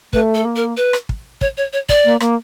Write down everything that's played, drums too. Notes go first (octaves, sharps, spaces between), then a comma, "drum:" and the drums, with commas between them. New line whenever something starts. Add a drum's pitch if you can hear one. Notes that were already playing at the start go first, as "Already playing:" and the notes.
A3 B4, drum: kick
A4
A#3
A#4
B4
drum: rim click
drum: kick
C#5, drum: kick
C#5
C#5
D5, drum: kick
A#3
A#3, drum: rim click